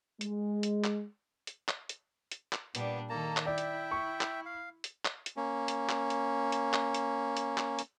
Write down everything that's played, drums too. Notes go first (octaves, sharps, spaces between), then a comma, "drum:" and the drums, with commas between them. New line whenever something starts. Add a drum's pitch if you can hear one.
G#3, drum: hi-hat
drum: hi-hat
drum: clap
drum: hi-hat
drum: clap
drum: hi-hat
drum: hi-hat
drum: clap
A#2 G3 B3 D4, drum: hi-hat
D#3 A#3 A4 A5 A#5
drum: clap
E4 D5 E5 G5
drum: hi-hat
C#6
drum: clap
F5
drum: hi-hat
drum: clap
drum: hi-hat
A#3 C#4
drum: hi-hat
drum: clap
drum: hi-hat
drum: hi-hat
drum: clap
drum: hi-hat
drum: hi-hat
drum: clap
drum: hi-hat